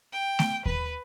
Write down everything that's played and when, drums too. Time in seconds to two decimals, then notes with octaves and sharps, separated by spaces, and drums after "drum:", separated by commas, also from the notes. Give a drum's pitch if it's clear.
0.12 G5
0.39 drum: snare A3
0.66 B4, drum: kick D#2